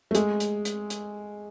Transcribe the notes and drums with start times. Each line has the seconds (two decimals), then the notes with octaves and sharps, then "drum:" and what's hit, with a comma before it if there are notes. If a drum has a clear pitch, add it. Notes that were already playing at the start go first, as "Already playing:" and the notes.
0.11 A3
0.15 G#3, drum: hi-hat
0.40 drum: hi-hat
0.65 drum: hi-hat
0.90 drum: hi-hat